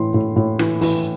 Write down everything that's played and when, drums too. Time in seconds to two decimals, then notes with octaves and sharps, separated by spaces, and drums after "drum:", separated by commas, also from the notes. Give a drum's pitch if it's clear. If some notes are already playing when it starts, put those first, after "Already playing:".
Already playing: A2 E3 C6
0.14 A2
0.36 A2
0.59 E3, drum: rim click
0.81 E3, drum: open hi-hat